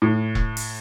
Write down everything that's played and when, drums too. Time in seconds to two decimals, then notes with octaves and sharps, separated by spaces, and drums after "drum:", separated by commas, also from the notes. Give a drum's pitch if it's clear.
0.02 A2
0.35 drum: kick E1
0.57 drum: open hi-hat